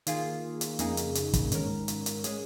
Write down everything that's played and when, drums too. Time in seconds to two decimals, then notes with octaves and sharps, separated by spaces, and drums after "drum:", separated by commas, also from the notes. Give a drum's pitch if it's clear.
0.07 D#3 A#3 F4 G#4, drum: hi-hat
0.61 drum: hi-hat
0.79 F2 C#3 A#3 D#4 G#4, drum: hi-hat
0.97 drum: hi-hat
1.15 drum: hi-hat
1.33 drum: kick, hi-hat
1.52 G#2 D#3 C#4 A#4, drum: hi-hat
1.88 drum: hi-hat
2.06 drum: hi-hat
2.24 G#3 C#4 G#4, drum: hi-hat